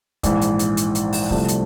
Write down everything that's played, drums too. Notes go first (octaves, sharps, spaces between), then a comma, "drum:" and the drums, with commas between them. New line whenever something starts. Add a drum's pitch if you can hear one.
A#1 G#2 E3, drum: kick, hi-hat
drum: hi-hat
drum: hi-hat
drum: hi-hat
drum: hi-hat
drum: open hi-hat
C2 C3 F3 A3, drum: kick
drum: hi-hat